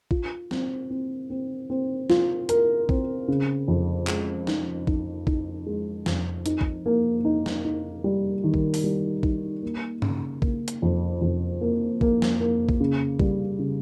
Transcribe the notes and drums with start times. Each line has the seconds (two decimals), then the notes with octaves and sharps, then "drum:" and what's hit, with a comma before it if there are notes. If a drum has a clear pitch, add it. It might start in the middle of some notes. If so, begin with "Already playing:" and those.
0.11 F4, drum: kick A#1
0.51 C4, drum: snare
0.90 C4
1.30 C4
1.70 C4
2.10 F4, drum: snare
2.49 A#4, drum: hi-hat
2.89 C4, drum: kick A#1
3.28 C#3
3.68 F2
4.07 G#3, drum: clap
4.47 D#4, drum: snare
4.87 D#4, drum: kick A#1
5.27 D#4, drum: kick A#1
5.66 G#3
6.06 F2, drum: snare
6.46 D#4, drum: hi-hat
6.61 drum: kick A#1
6.86 A#3
7.25 D#4
7.46 drum: snare
7.64 D#4
8.04 G3
8.44 D#3
8.54 drum: kick A#1
8.74 drum: open hi-hat
8.84 G3
9.23 D#4, drum: kick A#1
9.63 A#3
10.02 C#3, drum: tom G2
10.42 A#3, drum: kick A#1
10.68 drum: hi-hat
10.82 F2
11.21 F2
11.61 A#3
12.01 A#3, drum: kick A#1
12.22 drum: snare
12.40 A#3
12.69 drum: kick A#1
12.80 C#3
13.20 G3, drum: kick A#1
13.59 C#3